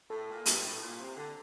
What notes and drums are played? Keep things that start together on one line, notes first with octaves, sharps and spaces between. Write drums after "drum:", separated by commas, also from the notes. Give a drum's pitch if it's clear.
A2 A4
A#2
G2, drum: hi-hat
A2
A#2
C3
D3